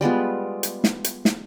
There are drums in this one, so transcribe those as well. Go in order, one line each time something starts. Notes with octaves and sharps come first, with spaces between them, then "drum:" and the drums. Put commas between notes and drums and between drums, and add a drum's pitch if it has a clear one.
G3 G#3 B3 F4
drum: hi-hat
drum: snare
drum: hi-hat
drum: snare